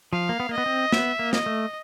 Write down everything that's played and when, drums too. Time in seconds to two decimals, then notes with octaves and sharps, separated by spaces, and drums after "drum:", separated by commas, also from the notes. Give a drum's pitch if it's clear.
0.13 F3 F5
0.29 A#3
0.40 B3
0.49 A#3
0.53 B3 D#5
0.66 C4
0.92 B3 E5, drum: snare
1.19 A#3
1.33 D#5, drum: snare
1.46 A3